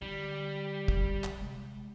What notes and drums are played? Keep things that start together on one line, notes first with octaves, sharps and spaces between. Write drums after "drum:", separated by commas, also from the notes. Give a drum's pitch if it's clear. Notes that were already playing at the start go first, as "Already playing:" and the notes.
D3 G3
drum: kick
drum: clap
C3 G#3